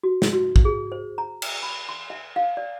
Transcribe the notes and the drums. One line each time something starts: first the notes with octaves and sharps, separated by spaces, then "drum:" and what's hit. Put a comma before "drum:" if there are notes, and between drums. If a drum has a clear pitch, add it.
F#4
drum: snare
F#4
drum: kick
G#4
C5
A#5
drum: cymbal
B5
C6
E5
F5
D5